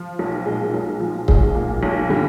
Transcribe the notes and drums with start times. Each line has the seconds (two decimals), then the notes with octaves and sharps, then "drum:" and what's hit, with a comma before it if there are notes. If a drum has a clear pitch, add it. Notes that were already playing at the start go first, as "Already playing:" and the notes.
Already playing: F3
0.19 B1
0.46 A#2 G#3
0.74 B1
1.00 F3
1.28 B1 G#3, drum: kick C#1
1.55 A#2
1.83 B1
2.09 D3 G3